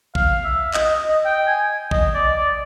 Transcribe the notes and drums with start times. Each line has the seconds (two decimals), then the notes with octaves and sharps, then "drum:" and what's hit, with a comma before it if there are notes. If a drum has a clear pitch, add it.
0.15 F5, drum: kick A#1
0.44 E5
0.74 D#5, drum: clap
1.03 D#5
1.25 G5
1.47 G#5
1.91 D#5, drum: kick A#1
2.14 D5
2.36 D5